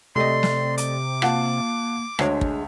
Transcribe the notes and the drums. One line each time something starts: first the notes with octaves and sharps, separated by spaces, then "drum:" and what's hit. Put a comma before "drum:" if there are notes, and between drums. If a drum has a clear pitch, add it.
C3 A3 D5 D#5 C6
drum: snare
D6, drum: hi-hat
A#3 F4 F#5 A5, drum: rim click
D2 G#3 D4 C#5, drum: rim click
drum: kick